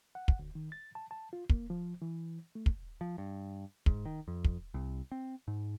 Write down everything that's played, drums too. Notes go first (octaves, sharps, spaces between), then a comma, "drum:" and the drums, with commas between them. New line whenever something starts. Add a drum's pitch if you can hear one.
F#5
drum: kick
D2
D#3
A6
A5
A5
F4
A#3, drum: kick
F3
E3
A3
drum: kick
F3
G2
G#2, drum: kick
D#3
F2
drum: kick
C2
C4
G#2